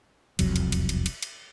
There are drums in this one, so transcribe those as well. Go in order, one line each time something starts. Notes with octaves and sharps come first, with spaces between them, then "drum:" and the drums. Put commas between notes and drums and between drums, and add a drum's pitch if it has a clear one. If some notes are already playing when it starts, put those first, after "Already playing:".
E1 C2 F2 F#3, drum: cymbal
drum: cymbal
drum: cymbal
drum: cymbal
drum: cymbal
drum: cymbal